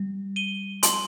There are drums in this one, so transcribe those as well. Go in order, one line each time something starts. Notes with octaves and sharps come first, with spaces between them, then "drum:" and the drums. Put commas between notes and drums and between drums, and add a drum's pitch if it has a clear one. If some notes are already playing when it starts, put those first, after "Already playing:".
Already playing: G3
D#7 G7
C6, drum: hi-hat